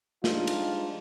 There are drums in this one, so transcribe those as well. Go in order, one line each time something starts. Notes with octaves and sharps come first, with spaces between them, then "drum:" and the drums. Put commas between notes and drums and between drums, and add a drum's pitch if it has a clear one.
F3 G3 G#3 D4 D#4 F4, drum: snare
drum: cymbal